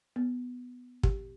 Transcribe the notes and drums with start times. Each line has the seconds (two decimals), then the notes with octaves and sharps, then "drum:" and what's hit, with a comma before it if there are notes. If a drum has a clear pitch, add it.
0.16 B3
1.03 G4, drum: kick